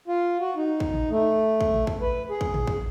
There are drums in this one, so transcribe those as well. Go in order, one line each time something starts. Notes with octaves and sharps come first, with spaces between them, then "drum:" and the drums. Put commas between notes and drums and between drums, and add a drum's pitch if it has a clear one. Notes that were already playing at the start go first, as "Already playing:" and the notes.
F4
F#4
D#4
drum: kick
drum: tom A2
A3
drum: kick
drum: tom A2
drum: kick
B4
G#4
drum: kick
drum: tom A2
drum: kick